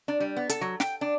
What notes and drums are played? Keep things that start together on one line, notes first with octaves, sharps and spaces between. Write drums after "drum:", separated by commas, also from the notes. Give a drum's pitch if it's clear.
D4
G3
B3
A4, drum: hi-hat
F#3
G5, drum: snare
D4